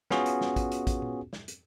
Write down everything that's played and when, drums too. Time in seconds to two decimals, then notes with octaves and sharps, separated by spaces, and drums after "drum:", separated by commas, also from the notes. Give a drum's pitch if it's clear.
0.11 B3 C#4 F4 F#4 G#4, drum: snare
0.26 drum: hi-hat
0.41 drum: snare
0.56 drum: kick, hi-hat
0.72 drum: hi-hat
0.87 drum: kick, hi-hat
1.02 drum: tom A#2
1.33 drum: snare
1.48 drum: hi-hat